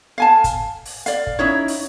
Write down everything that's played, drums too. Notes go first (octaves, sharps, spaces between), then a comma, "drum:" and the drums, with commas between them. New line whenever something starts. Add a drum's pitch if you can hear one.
F5 G#5 A5
drum: kick, hi-hat
drum: open hi-hat
D5 F5, drum: hi-hat
drum: kick
C#4 D#4 E4 C#5
drum: open hi-hat